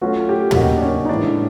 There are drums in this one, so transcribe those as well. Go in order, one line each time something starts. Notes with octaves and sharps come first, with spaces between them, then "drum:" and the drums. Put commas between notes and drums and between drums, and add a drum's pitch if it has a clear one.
F#3 A3 C#4 F4 F#4
G4
G4, drum: tom
C#3 F#3 A#3 D#4 F#4
D4
C#4
D#4
A2 E3 G#3 D4